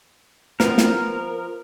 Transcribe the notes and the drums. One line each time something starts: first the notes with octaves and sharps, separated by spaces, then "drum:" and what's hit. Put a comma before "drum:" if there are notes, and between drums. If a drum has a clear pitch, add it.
F3 B3 A#4, drum: snare
drum: snare